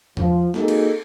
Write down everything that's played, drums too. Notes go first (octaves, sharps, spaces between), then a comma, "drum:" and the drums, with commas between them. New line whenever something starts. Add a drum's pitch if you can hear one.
F3, drum: tom E2
A#3 C4 D#4 F#4 G#4 A4, drum: snare
drum: cymbal